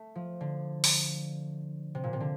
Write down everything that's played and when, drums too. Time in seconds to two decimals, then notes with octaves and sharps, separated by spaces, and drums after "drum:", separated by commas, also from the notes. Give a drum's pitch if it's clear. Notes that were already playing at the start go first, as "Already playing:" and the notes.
Already playing: A3
0.15 F3
0.41 D3
0.84 drum: open hi-hat
1.95 C3
2.04 A#2
2.13 C3
2.20 D3